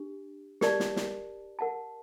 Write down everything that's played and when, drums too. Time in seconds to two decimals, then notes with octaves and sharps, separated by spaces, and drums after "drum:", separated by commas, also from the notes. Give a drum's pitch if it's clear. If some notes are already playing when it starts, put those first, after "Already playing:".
Already playing: D4 G4
0.61 G4 A#4 D5 A5, drum: snare
0.80 drum: snare
0.96 drum: snare
1.59 A#4 F#5 A5